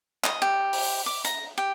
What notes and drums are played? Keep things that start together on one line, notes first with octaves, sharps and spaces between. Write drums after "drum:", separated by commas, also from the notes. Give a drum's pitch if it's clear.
D#5, drum: clap
G4
drum: open hi-hat
D6
A#5, drum: hi-hat
G4